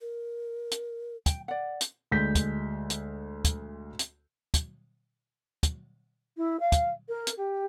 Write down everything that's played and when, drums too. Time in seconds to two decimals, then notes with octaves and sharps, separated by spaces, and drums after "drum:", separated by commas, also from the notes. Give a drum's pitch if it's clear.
0.01 A#4
0.71 drum: hi-hat
1.26 G5, drum: kick, hi-hat
1.48 D5 F#5
1.81 drum: hi-hat
2.11 D2 G#3 G6 B6
2.35 drum: kick, hi-hat
2.90 drum: hi-hat
3.45 drum: kick, hi-hat
3.99 drum: hi-hat
4.54 drum: kick, hi-hat
5.63 drum: kick, hi-hat
6.37 E4
6.59 F5
6.72 drum: kick, hi-hat
7.08 A#4
7.27 drum: hi-hat
7.37 G4